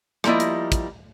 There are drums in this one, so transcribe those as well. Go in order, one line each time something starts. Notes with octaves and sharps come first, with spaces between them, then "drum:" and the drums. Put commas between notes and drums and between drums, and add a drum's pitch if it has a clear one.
F3 G3 A#3 E4 D#5, drum: rim click
drum: hi-hat
drum: kick, hi-hat